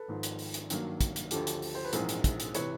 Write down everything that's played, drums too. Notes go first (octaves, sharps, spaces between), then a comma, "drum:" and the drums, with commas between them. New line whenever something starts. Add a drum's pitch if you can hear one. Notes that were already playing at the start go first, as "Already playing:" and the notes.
Already playing: A4 B4
G#1 G#2 F3
drum: hi-hat
drum: open hi-hat
drum: hi-hat
G2 D#3 F#3 A#3, drum: hi-hat
drum: kick, hi-hat
drum: hi-hat
D2 D3 F3 G4 A4, drum: hi-hat
drum: hi-hat
drum: open hi-hat
C5
B4
A#1 G#2 E3 G#3 C4 G#4 A#4, drum: hi-hat
drum: hi-hat
drum: kick, hi-hat
drum: hi-hat
C3 E3 B4 C#5, drum: hi-hat